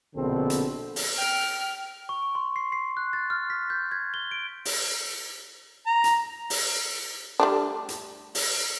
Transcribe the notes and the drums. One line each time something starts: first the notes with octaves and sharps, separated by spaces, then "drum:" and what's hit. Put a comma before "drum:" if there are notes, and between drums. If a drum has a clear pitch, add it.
A#1 B2 D3 C4 A4
drum: hi-hat
drum: open hi-hat
G5 F6
C#6
C6
C7
C7
F#6
A6
F6
B6
G6
G#6
G7
D7
drum: open hi-hat
A#5
drum: hi-hat
drum: open hi-hat
G3 A3 D4
drum: hi-hat
drum: open hi-hat